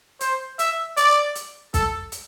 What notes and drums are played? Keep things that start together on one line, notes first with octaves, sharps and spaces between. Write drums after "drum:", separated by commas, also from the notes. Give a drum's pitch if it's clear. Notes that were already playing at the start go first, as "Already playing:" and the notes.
C5, drum: hi-hat
E5, drum: hi-hat
D5, drum: hi-hat
drum: hi-hat
A4, drum: kick, hi-hat
drum: hi-hat